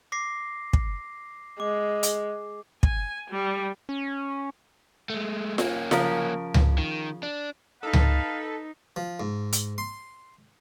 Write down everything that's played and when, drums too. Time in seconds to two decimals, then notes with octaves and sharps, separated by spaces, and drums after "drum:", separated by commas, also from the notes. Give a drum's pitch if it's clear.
0.12 D6 A#6 C7
0.73 drum: kick
1.60 G#3 D6
2.03 drum: hi-hat
2.83 G#5, drum: kick
3.31 G3
3.89 C#4
5.10 G#3 A3
5.58 A#3 C#4, drum: snare F4
5.91 C#3 F3 A#4, drum: snare F4
6.54 drum: tom C#2
6.78 D#3
7.23 D4
7.83 D#4 A4 B4 F5
7.93 drum: tom C#2
8.96 F3
9.20 G#2
9.52 drum: hi-hat
9.78 C6